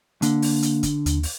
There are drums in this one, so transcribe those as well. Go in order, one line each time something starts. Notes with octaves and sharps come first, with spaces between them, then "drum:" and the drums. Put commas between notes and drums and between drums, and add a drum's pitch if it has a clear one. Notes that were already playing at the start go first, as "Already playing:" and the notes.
D3 A#3, drum: hi-hat
drum: open hi-hat
drum: hi-hat
drum: kick, hi-hat
D#2, drum: hi-hat
drum: open hi-hat